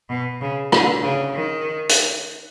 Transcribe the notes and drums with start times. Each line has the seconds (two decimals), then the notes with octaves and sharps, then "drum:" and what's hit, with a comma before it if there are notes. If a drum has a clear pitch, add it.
0.09 B2
0.41 C#3
0.72 D3, drum: rim click
1.03 C#3
1.34 D#3
1.89 drum: hi-hat